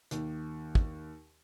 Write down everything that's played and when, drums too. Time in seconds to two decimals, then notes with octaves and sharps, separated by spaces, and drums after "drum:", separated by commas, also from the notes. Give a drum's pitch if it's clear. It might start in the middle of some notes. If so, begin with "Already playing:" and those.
0.11 D#2, drum: hi-hat
0.75 drum: kick